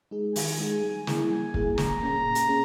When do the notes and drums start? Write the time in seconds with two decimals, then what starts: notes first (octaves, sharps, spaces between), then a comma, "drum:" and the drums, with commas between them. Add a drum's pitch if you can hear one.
0.11 G#3 D#4 G#4
0.36 D#3 G#5, drum: open hi-hat
0.59 G#3 D#4 G#4
0.83 G3
1.07 A#3 E4 G#4, drum: snare
1.30 G3 G#5
1.54 A#3 E4 G#4, drum: kick
1.78 A#2 A#5, drum: snare
2.01 A#3 C#4 G#4
2.25 A#2
2.35 drum: hi-hat
2.48 A#3 C#4 G#4